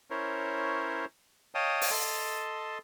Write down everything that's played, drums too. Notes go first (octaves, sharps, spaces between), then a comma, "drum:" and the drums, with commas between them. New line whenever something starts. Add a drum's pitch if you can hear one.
C#4 E4 A#4 C5 C#5
C#5 D#5 F5 G5 A5 D#6
drum: open hi-hat
A4 D#5 A5 C6